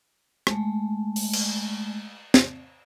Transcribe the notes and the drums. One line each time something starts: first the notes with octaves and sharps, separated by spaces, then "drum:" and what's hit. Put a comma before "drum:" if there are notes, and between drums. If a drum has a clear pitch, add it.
G#3 A3, drum: rim click
drum: open hi-hat
drum: cymbal
drum: snare